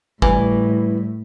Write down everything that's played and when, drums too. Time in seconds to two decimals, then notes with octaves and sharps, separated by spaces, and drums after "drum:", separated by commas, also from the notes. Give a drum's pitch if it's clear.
0.22 A2 E3 G3, drum: kick G#1